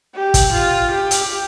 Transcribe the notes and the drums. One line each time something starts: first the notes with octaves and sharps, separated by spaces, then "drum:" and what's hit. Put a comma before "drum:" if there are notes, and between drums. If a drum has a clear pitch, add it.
G4
drum: kick, hi-hat
F4
G4
drum: hi-hat